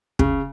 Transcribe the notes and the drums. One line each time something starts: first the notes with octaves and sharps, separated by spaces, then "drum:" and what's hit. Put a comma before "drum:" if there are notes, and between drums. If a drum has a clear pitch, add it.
C#3, drum: kick